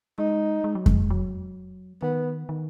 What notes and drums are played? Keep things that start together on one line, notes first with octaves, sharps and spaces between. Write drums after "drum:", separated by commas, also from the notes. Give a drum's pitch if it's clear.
G#3 D#4
G#3
F#3
G#3, drum: kick F2
F#3
D#3 B3
D#3